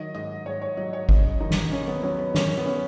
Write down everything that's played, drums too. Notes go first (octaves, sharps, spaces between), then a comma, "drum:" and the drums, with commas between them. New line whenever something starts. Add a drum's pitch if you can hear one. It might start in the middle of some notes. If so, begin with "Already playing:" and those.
Already playing: D#3 F#3 D#5
G#2 D#5
G#2 C#5
C#5
F#3 D#5
C#5
C#3 D#5, drum: kick
D#2 D#4
drum: snare
D#2 C#4
B3
F#3 C#4
B3
D#3 C#4, drum: snare
B3
C#4